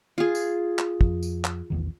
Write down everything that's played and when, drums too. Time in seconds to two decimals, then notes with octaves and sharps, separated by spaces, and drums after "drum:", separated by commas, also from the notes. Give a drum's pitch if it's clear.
0.18 F4 G#4
0.35 drum: tambourine
0.79 drum: clap
1.01 F2, drum: kick
1.23 drum: tambourine
1.45 drum: clap
1.70 A#1 E2 D#3